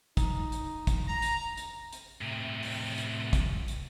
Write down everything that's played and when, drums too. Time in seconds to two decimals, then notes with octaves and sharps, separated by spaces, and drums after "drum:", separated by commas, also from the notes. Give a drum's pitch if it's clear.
0.17 D#4, drum: kick, hi-hat
0.52 drum: hi-hat
0.87 drum: kick, hi-hat
1.07 A#5
1.22 drum: hi-hat
1.57 drum: hi-hat
1.93 drum: hi-hat
2.21 A2 C3
2.63 drum: open hi-hat
2.98 drum: hi-hat
3.33 drum: kick, hi-hat
3.68 drum: hi-hat